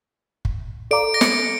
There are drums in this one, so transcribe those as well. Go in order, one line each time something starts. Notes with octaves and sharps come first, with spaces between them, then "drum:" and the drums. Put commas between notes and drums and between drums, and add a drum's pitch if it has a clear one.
drum: kick
A4 D5 F5 A#5 D6 D7
A#6
C#7, drum: snare